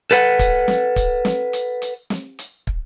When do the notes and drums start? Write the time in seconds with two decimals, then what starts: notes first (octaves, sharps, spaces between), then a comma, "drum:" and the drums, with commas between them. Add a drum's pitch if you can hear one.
0.11 A4 B4 F#5, drum: hi-hat
0.39 drum: kick, hi-hat
0.68 drum: snare
0.96 drum: kick, hi-hat
1.25 drum: snare
1.53 drum: hi-hat
1.82 drum: hi-hat
2.10 drum: snare
2.39 drum: hi-hat
2.67 drum: kick